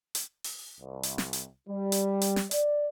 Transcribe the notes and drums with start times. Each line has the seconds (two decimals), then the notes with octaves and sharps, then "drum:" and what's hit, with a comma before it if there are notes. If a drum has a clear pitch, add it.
0.15 drum: hi-hat
0.44 drum: open hi-hat
0.80 C2
1.03 drum: hi-hat
1.18 drum: snare
1.33 drum: hi-hat
1.69 G3
1.92 drum: hi-hat
2.22 drum: hi-hat
2.36 drum: snare
2.51 D5, drum: hi-hat